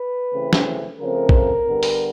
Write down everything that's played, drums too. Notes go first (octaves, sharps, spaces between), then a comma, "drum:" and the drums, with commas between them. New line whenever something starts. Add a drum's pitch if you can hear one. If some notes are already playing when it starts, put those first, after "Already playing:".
Already playing: B4
C#3 E3 A3 C4
drum: snare
C#3 F3 A3 C4 A#4
drum: kick
D3 G3 B3
drum: open hi-hat